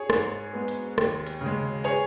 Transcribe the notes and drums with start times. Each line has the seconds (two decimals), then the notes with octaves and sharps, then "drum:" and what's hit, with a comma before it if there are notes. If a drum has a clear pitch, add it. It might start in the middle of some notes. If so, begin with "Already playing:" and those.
Already playing: G#4 C#5
0.10 G#2, drum: rim click
0.53 G#3 B3
0.68 drum: hi-hat
0.98 D#2, drum: rim click
1.27 drum: hi-hat
1.41 C#3 G#3
1.84 G#4 C#5, drum: hi-hat